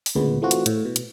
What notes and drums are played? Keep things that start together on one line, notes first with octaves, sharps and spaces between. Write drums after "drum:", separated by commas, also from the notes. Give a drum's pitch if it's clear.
drum: open hi-hat
D2 A#2 C#3 G#3 B3
E3 A3 C4 F4 F#4
drum: hi-hat
A2, drum: hi-hat
B2
drum: hi-hat